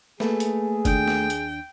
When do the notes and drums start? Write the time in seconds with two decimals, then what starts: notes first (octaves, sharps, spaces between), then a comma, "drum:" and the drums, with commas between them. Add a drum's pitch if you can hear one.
0.20 A3 A#3 G#4 A4 B4, drum: snare
0.40 drum: hi-hat
0.85 D#2 D4 G5, drum: kick F#1, hi-hat
1.08 drum: snare
1.30 drum: hi-hat